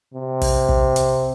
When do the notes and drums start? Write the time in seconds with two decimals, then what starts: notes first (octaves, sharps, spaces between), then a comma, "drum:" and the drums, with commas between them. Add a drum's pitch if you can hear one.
0.14 C3
0.42 drum: kick, open hi-hat
0.69 drum: kick
0.96 drum: hi-hat